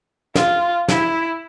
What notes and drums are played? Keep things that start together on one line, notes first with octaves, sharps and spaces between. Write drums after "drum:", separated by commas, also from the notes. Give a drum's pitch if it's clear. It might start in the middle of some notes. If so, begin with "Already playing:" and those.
F4, drum: snare
E4, drum: snare